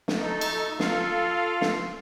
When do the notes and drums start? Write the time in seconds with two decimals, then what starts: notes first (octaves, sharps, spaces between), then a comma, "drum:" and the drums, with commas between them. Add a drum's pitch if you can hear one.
0.08 drum: snare
0.19 A3 D#4 A4
0.41 drum: cymbal
0.79 F4 A4 F5, drum: snare
1.61 drum: snare